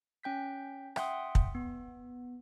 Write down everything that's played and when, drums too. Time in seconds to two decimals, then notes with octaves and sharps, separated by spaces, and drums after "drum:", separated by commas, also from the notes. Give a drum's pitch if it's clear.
0.23 C#4 G5 G6 B6
0.96 E5 F#5 G5 C6 D#6, drum: rim click
1.35 drum: kick
1.55 B3